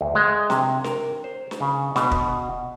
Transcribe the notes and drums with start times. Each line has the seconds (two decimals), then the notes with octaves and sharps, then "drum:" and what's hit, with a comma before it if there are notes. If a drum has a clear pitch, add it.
0.01 D2
0.15 G#3
0.50 C3, drum: snare
0.84 A#4, drum: snare
1.24 C5
1.51 drum: snare
1.60 C#3
1.96 B2, drum: snare
2.11 drum: kick